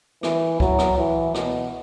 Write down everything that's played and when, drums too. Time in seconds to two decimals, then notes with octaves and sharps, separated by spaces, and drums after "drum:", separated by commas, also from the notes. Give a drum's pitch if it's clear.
0.23 E3, drum: rim click
0.60 F#3, drum: kick C#2
0.79 drum: rim click
0.97 E3
1.34 B2, drum: rim click